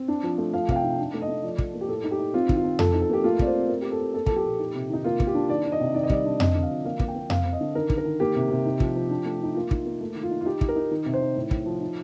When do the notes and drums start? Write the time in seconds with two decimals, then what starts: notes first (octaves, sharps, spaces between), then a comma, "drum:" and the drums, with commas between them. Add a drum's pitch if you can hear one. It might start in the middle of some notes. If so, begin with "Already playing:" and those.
Already playing: C4
0.08 D4
0.23 F3
0.38 A3
0.53 F3 F5
0.69 C3 F5, drum: kick
0.76 G5
0.83 D#4
0.98 D4
1.14 A3
1.22 D#5
1.28 A3
1.43 F3 D5
1.58 F3, drum: kick
1.74 A#3
1.81 G4
1.88 A2 A4
2.04 D#4
2.11 G4
2.19 D#4
2.34 C4 F4
2.49 D#3, drum: kick
2.57 F4
2.64 C4
2.79 F3 A4, drum: tom F2
2.94 D#4
3.02 A4
3.09 A#3 G4
3.24 A3 F4
3.39 C4 D5, drum: kick
3.47 C5
3.54 C4
3.69 A3 A#4
3.82 C4 G4
3.92 A4
4.00 C4
4.14 A#3 A4
4.26 F3 A4, drum: kick
4.36 G4
4.44 A#2
4.59 D#4
4.74 C3
4.89 D#3 D#4
5.04 A#3 F4
5.20 A#3, drum: kick
5.27 G4
5.35 D4
5.49 D#3 D5
5.64 D#3
5.72 D#5
5.80 C3
5.94 D#3 D5
6.03 D#5
6.10 G3 D5, drum: kick
6.25 D4
6.40 C4 D#5, drum: tom F2
6.55 D3
6.63 F5
6.70 F3
6.85 A#3 F5
7.00 A#3, drum: kick
7.08 G5
7.15 A#3
7.30 C4 F5, drum: tom F2
7.45 C4
7.53 D#5
7.60 D3
7.75 D#3 A#4
7.90 D#3, drum: kick
7.98 A#4
8.05 D#3
8.20 A#3 G4
8.36 C3
8.50 C3
8.66 D#4
8.80 F3, drum: kick
8.96 F3
9.11 D4
9.26 A3
9.41 D4 D#4
9.55 A#3 F4
9.71 D#4, drum: kick
9.86 A#3
10.00 A3
10.15 D#3
10.23 F4
10.31 D#4
10.41 F4
10.45 D#4 G4
10.61 D#4, drum: kick
10.68 A#4
10.76 D#4
10.91 D#3
11.06 C3
11.14 C5
11.21 D#3
11.36 A2
11.51 A2, drum: kick
11.66 F3
11.81 D#4